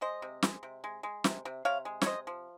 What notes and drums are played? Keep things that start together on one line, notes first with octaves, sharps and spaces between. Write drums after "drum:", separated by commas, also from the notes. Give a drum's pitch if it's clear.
G#3 C5 D#5
C3
G#3, drum: snare
C3
G#3
G#3
C3, drum: snare
C3
C3 C#5 F5
G#3
C#5, drum: snare
C3 C5 D#5
F3